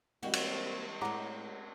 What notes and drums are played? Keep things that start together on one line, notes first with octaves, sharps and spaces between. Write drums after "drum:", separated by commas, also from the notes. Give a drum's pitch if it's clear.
E3 G3 G#3 A#3 C4 F#4
drum: cymbal
A2 G#3 C#4 F#5 A#5 D6